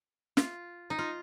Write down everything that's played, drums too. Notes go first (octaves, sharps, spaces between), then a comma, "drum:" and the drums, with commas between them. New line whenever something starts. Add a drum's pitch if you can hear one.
F4, drum: snare
D#4
F4